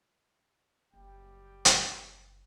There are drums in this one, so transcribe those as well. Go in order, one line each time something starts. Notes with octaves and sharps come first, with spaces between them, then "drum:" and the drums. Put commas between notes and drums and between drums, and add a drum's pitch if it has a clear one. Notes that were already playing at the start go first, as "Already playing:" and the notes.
F#1 G3 G5
drum: hi-hat